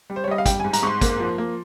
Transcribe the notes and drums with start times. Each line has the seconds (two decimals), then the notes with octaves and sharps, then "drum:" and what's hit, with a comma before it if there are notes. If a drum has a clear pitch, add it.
0.10 G3
0.16 C5
0.24 C#5
0.28 G3 D#5
0.38 F5
0.46 G3 G5, drum: kick, hi-hat
0.60 G#5
0.64 G#2
0.73 A#5, drum: hi-hat
0.83 G#2 C6 C#6
1.01 A#3, drum: kick, hi-hat
1.20 F3
1.38 A#3